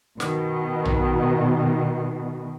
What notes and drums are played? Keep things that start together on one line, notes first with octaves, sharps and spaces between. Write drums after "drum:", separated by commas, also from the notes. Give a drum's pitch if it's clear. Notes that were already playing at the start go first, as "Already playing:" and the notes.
B2 D#3, drum: snare
drum: tom A#1